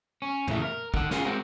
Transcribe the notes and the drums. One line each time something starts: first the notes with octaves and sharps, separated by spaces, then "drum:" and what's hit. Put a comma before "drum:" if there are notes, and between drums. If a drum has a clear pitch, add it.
C#4
A#2 C#3 E3 A3, drum: tom
A#4
D3 D#3 F#5, drum: kick
C#4 F4 G#4, drum: snare
G#3 C4 F#4 A#4